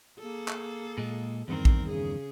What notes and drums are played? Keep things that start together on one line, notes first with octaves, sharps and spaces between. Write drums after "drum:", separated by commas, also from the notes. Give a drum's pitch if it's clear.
A#3 G#4 A4
drum: clap
A#2 G#3
E2 G2 D#3 C4 A#4
drum: kick A#1
C#3 G#4